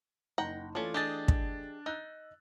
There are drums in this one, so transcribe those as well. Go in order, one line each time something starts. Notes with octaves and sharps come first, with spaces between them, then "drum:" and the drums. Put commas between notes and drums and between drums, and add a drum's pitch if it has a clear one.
F#1 D#4 F#5 G5 A#5
E3 A3 C#4 D4 F4 A4
D4 G4 G#4 D#5 A6
drum: kick
D#4 E6 F#6